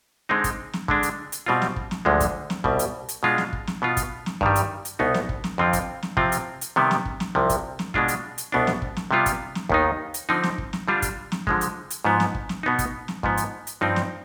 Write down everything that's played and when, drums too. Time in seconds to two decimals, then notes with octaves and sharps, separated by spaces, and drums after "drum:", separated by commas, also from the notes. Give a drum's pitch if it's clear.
0.29 D3 G#3 C4 D#4
0.44 drum: kick, hi-hat
0.73 drum: snare
0.88 D3 G#3 D4, drum: kick
1.03 drum: hi-hat
1.32 drum: hi-hat
1.46 B2 G3 C4 F4
1.62 drum: snare
1.76 drum: kick
1.91 drum: snare
2.05 D2 D3 F3 G#3
2.20 drum: kick, hi-hat
2.50 drum: snare
2.64 C2 B2 G3, drum: kick
2.79 drum: hi-hat
3.09 drum: hi-hat
3.23 B2 G#3 D4 F4
3.38 drum: snare
3.53 drum: kick
3.67 drum: snare
3.82 B2 B3 F4
3.97 drum: kick, hi-hat
4.26 drum: snare
4.41 G2 D#3 G3, drum: kick
4.56 drum: hi-hat
4.85 drum: hi-hat
4.99 C2 B2 B3 D#4
5.14 drum: snare
5.29 drum: kick
5.44 drum: snare
5.58 F2 D3 F3 C4 F4
5.73 drum: kick, hi-hat
6.03 drum: snare
6.17 C3 F3 C4 F4, drum: kick
6.32 drum: hi-hat
6.61 drum: hi-hat
6.76 C3 D#3 G3 B3
6.91 drum: snare
7.05 drum: kick
7.20 drum: snare
7.35 C2 C3 F3
7.49 drum: kick, hi-hat
7.79 drum: snare
7.94 B2 G#3 D4 F4, drum: kick
8.08 drum: hi-hat
8.38 drum: hi-hat
8.52 C2 B2 B3 D4
8.67 drum: snare
8.82 drum: kick
8.96 drum: snare
9.11 C3 G3 B3 F4
9.26 drum: kick, hi-hat
9.55 drum: snare
9.69 D#2 D#3 B3 D#4, drum: kick
10.14 drum: hi-hat
10.29 D3 F3 C4 D#4
10.43 drum: snare
10.58 drum: kick
10.73 drum: snare
10.88 D3 G3 D4 F4
11.02 drum: kick, hi-hat
11.32 drum: snare
11.47 D3 F3 G#3, drum: kick
11.61 drum: hi-hat
11.90 drum: hi-hat
12.05 G#2 F3 B3
12.20 drum: snare
12.35 drum: kick
12.49 drum: snare
12.63 B2 B3 D#4
12.79 drum: kick, hi-hat
13.08 drum: snare
13.23 G#2 F3 B3, drum: kick
13.37 drum: hi-hat
13.67 drum: hi-hat
13.81 G2 F3 C4 D#4
13.96 drum: snare